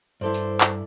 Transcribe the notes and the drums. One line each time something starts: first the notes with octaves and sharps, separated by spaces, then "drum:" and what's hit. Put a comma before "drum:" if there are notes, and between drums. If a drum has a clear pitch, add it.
G2 E4 A4 C5 D5
drum: tambourine
drum: clap